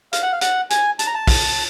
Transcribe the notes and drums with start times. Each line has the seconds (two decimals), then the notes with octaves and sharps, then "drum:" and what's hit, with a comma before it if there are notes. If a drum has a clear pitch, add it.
0.13 F5, drum: hi-hat
0.23 F#5
0.32 F5
0.41 F#5, drum: hi-hat
0.70 G#5, drum: hi-hat
0.99 A5, drum: hi-hat
1.07 A#5
1.14 A5
1.27 drum: kick, open hi-hat